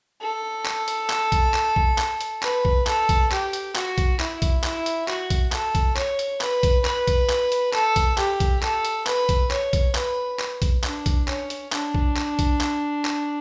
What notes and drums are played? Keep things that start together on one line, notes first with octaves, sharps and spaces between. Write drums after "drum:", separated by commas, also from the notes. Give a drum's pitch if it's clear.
A4
drum: clap
drum: hi-hat
drum: clap
drum: kick B1, hi-hat
drum: clap
drum: kick B1
drum: clap
drum: hi-hat
B4, drum: clap
drum: kick B1
A4, drum: clap
drum: kick B1, hi-hat
G4, drum: clap
drum: hi-hat
F#4, drum: clap
drum: kick B1, hi-hat
E4, drum: clap
drum: kick B1, hi-hat
E4, drum: clap
drum: hi-hat
F#4, drum: clap
drum: kick B1, hi-hat
A4, drum: clap
drum: kick B1, hi-hat
C#5, drum: clap
drum: hi-hat
B4, drum: clap
drum: kick B1, hi-hat
B4, drum: clap
drum: kick B1, hi-hat
drum: clap
drum: hi-hat
A4, drum: clap
drum: kick B1, hi-hat
G4, drum: clap
drum: kick B1, hi-hat
A4, drum: clap
drum: hi-hat
B4, drum: clap
drum: kick B1, hi-hat
C#5, drum: clap
drum: kick B1, hi-hat
B4, drum: clap
drum: clap
drum: kick B1, hi-hat
D4, drum: clap
drum: kick B1, hi-hat
C#4, drum: clap
drum: hi-hat
D4, drum: clap
drum: kick B1
drum: clap
drum: kick B1, hi-hat
drum: clap
drum: clap